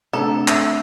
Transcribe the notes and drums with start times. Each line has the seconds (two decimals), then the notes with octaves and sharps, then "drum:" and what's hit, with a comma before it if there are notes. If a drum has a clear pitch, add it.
0.13 C3 A3 D4 A4 A#5
0.48 E5, drum: clap